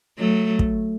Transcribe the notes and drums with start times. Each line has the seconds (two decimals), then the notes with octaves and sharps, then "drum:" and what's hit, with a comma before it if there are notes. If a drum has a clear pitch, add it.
0.18 F#3 A3
0.59 drum: kick